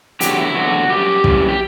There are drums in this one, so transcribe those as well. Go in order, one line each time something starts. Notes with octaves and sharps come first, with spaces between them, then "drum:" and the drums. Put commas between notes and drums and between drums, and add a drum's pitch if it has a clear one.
E2 D3 F#3 G4, drum: hi-hat
F#4
E4
E2 D3 F#3 F#4
F#2 E3 G3 G4
F#2 E3 G3, drum: kick
G4